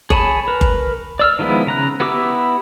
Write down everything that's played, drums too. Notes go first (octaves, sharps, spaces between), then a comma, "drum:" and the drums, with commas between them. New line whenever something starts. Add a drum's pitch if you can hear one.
G#4 C#5 G#5 A5 B5, drum: kick F#1
A#4 B4
drum: kick F#1
D5 E6 F6
D#3 F3 G#3 B3 E4
C#3 A#5 F#6
B3 E4 G4 D6 E6